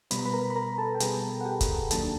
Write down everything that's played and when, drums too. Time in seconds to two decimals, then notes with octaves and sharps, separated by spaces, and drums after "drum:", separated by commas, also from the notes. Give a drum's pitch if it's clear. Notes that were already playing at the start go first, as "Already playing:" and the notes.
0.11 B2 G3 B3 B5, drum: hi-hat
0.18 A#5
0.25 B4 B5
0.33 A#4 A#5
0.50 B5
0.56 A#4 A#5
0.78 A4 A5
0.95 G5
1.00 B2 G3 B3 G#4 G#5, drum: hi-hat
1.40 F#5
1.45 G4 G5
1.61 drum: kick, hi-hat
1.91 D#2 D#3 F#3 A#3 D4 A4 A5, drum: hi-hat